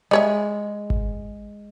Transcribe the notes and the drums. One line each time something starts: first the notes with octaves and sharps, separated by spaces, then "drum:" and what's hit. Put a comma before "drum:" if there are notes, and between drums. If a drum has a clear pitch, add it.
G3 G#3 C#5 E5
drum: kick G#1